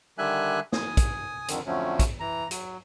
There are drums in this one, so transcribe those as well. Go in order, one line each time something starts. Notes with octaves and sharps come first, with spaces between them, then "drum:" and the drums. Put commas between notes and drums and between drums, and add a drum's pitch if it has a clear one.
D3 D#3 G3 E5 G#5 F#6
G#5 D#6, drum: snare
drum: kick, hi-hat
F2 D3 D#3, drum: hi-hat
F2 D3 F3 F#3 A3 C#4
drum: kick, hi-hat
E3 A#5
F#3, drum: hi-hat